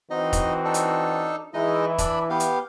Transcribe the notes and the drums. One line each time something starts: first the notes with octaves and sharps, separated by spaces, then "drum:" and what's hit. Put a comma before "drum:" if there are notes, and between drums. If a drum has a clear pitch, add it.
E3 C4 D#4 F#4 D#5
drum: kick, hi-hat
D4 D#4 A4
drum: hi-hat
E3 G#3 D#4 E4 D#5
D4 D5 B5, drum: kick, hi-hat
B3 G4 F5
drum: hi-hat